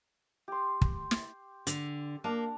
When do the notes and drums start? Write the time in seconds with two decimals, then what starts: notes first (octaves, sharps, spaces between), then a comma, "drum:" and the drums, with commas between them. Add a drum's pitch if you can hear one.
0.48 G4 C6
0.81 drum: kick
1.11 drum: snare
1.67 D3, drum: hi-hat
2.24 A#3 D4 A#5